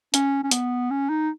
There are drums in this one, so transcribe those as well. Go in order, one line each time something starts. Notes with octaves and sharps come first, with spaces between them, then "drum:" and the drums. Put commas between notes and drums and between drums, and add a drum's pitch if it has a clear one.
C#4, drum: hi-hat
C#4
B3, drum: hi-hat
C#4
D#4